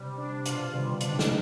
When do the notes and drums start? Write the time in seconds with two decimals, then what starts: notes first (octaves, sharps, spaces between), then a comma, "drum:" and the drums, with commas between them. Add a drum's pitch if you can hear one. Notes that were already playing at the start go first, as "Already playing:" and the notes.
Already playing: C3 G3
0.18 D4
0.46 B2 F4, drum: hi-hat
0.59 C3
0.73 C3 D#3 G3
0.86 B2 D3
1.01 B2 D3 D4, drum: hi-hat
1.19 drum: snare